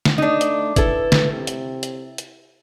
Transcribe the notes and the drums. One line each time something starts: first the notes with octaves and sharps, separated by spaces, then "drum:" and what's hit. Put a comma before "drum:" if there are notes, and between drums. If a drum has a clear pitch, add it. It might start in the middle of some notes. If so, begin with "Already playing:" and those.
drum: snare
A3 D4 D#4
drum: hi-hat
E4 A4 B4, drum: kick G1, hi-hat
drum: snare
C3
drum: hi-hat
drum: hi-hat
drum: hi-hat